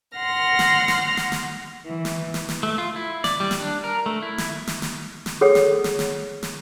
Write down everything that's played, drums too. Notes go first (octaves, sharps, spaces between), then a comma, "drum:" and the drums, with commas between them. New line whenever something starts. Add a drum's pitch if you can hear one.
F#5 C6 F6 A#6
drum: snare
drum: snare
drum: snare
drum: snare
E3
drum: snare
drum: snare
drum: snare
A3
F4
E4
D5, drum: snare
G3
drum: snare
D4
A#4
A3
E4
drum: snare
drum: snare
drum: snare
drum: snare
G#4 A4 C#5 F#5
drum: snare
drum: snare
drum: snare
drum: snare